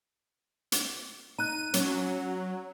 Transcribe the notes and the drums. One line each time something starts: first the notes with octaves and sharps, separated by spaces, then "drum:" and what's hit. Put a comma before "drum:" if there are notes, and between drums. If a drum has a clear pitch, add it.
drum: hi-hat
D#4 A#5 F#6 D#7
F#3 C#4, drum: hi-hat